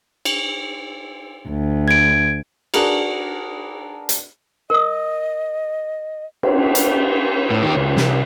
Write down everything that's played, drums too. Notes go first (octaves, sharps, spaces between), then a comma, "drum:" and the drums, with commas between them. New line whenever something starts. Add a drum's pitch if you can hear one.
drum: cymbal
D2
G#6 D7
D4 F#4 G#4 A#4 B4, drum: cymbal
drum: hi-hat
A#4 D#5 D#6
drum: cymbal
drum: hi-hat
A2
D#3 G4
C#2
C2, drum: snare